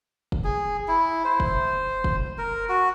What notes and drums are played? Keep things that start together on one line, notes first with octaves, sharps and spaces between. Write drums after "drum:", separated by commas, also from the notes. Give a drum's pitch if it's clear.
drum: kick
G#4
E4
C5
drum: kick
drum: kick
A#4
F#4